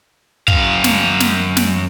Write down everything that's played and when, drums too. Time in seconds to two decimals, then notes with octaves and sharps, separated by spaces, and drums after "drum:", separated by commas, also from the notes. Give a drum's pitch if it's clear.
0.48 F#2 F5, drum: kick
0.84 drum: snare
1.20 drum: snare
1.57 drum: snare